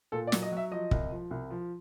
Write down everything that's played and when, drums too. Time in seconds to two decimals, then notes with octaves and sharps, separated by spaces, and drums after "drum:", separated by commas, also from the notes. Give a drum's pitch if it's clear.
0.12 A#2 A4
0.27 D5
0.32 F#3, drum: snare
0.42 D#5
0.52 F#3 E5
0.71 F3 D#5
0.91 C2, drum: kick
1.11 F3
1.31 C2
1.50 F3